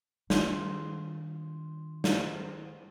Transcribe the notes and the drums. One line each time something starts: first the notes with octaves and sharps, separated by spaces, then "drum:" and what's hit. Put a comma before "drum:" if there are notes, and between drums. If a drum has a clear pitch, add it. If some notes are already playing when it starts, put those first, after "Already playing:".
D#3 G3 D4 F4, drum: snare
drum: snare